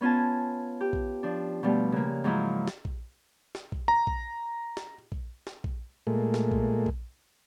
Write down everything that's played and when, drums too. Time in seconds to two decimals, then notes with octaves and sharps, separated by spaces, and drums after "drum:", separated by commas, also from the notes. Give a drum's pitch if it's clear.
0.01 B3 C#4 F4 G#5 A5
0.81 G4
0.93 drum: kick A#1
1.23 F3 D4
1.63 B2 F3 G3 A3
1.92 C#3 A#3
2.24 G#2 F3 F#3 A#3 E4
2.68 drum: snare
2.85 drum: kick A#1
3.55 drum: snare
3.72 drum: kick A#1
3.88 A#5
4.07 drum: kick A#1
4.77 drum: snare
5.12 drum: kick A#1
5.47 drum: snare
5.64 drum: kick A#1
6.07 A#2 G#3 A3
6.34 drum: snare
6.51 drum: kick A#1
6.86 drum: kick A#1